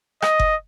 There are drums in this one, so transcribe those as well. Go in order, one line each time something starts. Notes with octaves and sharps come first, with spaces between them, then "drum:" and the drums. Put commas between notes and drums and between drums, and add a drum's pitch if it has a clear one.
D#5, drum: rim click
drum: kick F#1